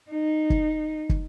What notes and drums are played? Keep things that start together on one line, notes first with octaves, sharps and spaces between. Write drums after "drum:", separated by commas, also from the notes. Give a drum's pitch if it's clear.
D#4
drum: kick
drum: kick